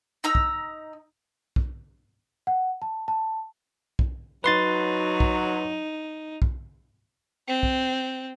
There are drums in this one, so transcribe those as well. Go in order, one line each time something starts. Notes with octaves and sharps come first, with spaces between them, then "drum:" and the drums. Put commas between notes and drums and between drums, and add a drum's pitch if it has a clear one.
D#4 A#5 E6
drum: kick B1
drum: kick B1
F#5
A5
A5
drum: kick B1
F#3 D#4 B4 C6 A6
drum: kick B1
drum: kick B1
C4
drum: kick B1